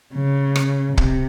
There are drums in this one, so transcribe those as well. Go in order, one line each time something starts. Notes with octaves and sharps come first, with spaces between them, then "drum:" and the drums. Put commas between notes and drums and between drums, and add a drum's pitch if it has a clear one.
C#3
drum: rim click
C3, drum: kick